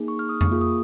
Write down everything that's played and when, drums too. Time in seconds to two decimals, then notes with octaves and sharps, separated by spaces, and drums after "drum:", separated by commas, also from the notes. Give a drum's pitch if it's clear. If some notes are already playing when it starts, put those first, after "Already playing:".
Already playing: A#3 D#4 G#4
0.08 C#6
0.19 F6
0.29 D#6
0.41 C#6, drum: tom F2
0.51 A#3 F4 G#4
0.61 D#6